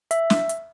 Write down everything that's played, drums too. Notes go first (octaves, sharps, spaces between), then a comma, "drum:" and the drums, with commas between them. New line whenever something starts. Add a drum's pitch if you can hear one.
E5, drum: hi-hat
drum: snare
drum: hi-hat